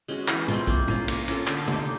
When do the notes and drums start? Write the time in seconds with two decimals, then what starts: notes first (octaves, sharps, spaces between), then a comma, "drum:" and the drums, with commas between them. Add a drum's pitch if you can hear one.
0.08 G#3 C#4 F#4
0.28 E3, drum: clap
0.48 G#3 C4 F4, drum: tom
0.67 A#3, drum: kick B1
0.88 C#4 F4 A#4, drum: tom
1.08 A#3, drum: cymbal
1.28 C#4 F4 A4, drum: cymbal
1.47 D3, drum: clap
1.68 G3 A#3 D#4, drum: tom